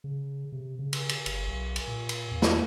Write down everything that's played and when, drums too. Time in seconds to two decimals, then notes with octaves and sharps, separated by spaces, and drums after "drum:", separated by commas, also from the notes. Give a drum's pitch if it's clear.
0.04 C#3
0.52 C3
0.79 C#3
0.93 drum: cymbal
1.09 drum: cymbal
1.26 F#1, drum: cymbal
1.47 B1
1.76 drum: cymbal
1.87 A#2
2.09 drum: cymbal
2.31 E2
2.42 drum: snare